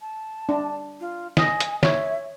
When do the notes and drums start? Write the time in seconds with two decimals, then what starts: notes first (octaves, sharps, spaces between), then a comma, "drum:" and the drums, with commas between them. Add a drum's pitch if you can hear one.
0.01 A5
0.49 D4
1.00 F4
1.37 D#5 G#5, drum: snare
1.60 drum: hi-hat
1.83 C#5 E5, drum: snare